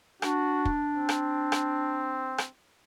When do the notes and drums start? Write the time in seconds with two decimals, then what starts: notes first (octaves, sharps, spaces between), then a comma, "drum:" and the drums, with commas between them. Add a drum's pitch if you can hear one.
0.22 D4 F#4, drum: rim click
0.65 drum: kick
0.95 C4
1.09 drum: rim click
1.52 drum: rim click
2.38 drum: rim click